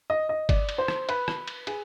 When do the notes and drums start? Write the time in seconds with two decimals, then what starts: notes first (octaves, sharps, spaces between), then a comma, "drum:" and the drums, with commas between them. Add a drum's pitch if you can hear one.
0.10 D#5
0.29 D#5
0.49 D5, drum: kick G1, cymbal
0.69 drum: cymbal
0.78 C5
0.88 drum: rim click
1.09 B4, drum: cymbal
1.28 drum: rim click
1.48 drum: cymbal
1.67 G#4, drum: cymbal